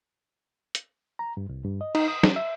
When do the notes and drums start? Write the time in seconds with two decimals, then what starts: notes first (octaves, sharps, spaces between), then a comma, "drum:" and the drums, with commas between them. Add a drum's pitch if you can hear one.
0.75 drum: hi-hat
1.19 A#5
1.37 G2
1.49 C2
1.64 G2
1.81 D#5
1.95 D#4, drum: cymbal
2.08 D#6
2.23 C#4, drum: snare
2.36 E5